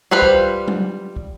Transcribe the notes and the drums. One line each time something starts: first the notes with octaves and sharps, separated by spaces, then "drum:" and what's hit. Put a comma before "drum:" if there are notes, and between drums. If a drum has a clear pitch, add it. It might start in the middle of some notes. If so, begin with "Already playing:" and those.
G3 F4 B4 C5
drum: kick
drum: tom F#3
drum: kick